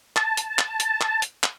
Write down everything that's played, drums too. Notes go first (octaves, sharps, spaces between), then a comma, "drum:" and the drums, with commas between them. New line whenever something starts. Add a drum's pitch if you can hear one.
A5, drum: clap
drum: hi-hat
drum: clap
drum: hi-hat
drum: clap
drum: hi-hat
drum: clap